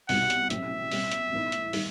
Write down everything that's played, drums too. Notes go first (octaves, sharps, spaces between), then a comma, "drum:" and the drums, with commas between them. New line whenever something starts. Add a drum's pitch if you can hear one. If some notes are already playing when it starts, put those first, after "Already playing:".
C2 B2 G3 D#4 F#4 F#5, drum: open hi-hat
drum: hi-hat
A1 A2 F#3 C4 E5, drum: hi-hat
B2 G3 C4, drum: open hi-hat
drum: hi-hat
A2 E3 B3 D#4
drum: hi-hat
D#3 G3, drum: open hi-hat